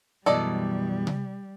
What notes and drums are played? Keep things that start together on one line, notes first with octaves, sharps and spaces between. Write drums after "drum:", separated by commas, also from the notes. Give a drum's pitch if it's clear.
F#2 B2 E3 G3 A4 D5 D#5
drum: tom C3